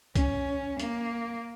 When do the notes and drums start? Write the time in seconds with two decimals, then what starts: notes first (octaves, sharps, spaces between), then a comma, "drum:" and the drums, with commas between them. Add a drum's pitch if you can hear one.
0.16 C#4, drum: kick, hi-hat
0.80 A#3, drum: hi-hat